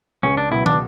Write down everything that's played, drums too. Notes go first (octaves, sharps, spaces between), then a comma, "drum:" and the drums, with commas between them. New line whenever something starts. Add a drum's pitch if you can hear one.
C#2 C#4
D4
B2 F#3 E4
D4, drum: tom